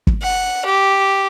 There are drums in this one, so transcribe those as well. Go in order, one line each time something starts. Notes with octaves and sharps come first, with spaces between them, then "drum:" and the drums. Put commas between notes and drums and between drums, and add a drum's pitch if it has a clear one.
drum: kick
F#5
G4